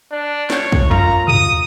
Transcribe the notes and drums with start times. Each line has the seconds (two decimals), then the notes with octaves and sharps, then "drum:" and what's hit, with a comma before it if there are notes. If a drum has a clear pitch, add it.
0.11 D4
0.50 C#5, drum: snare
0.72 drum: kick
0.90 F#2 F4 A#5
1.28 D#6, drum: tom